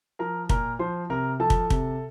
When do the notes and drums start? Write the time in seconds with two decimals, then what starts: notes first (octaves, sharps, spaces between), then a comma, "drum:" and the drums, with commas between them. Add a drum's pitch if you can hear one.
0.19 F3 A#4 A#5
0.49 A#2 A#4 A#5, drum: kick
0.79 F3 C5 C6
1.10 C3 A#4 A#5
1.40 F3 A4 A5
1.50 drum: kick
1.70 C3, drum: kick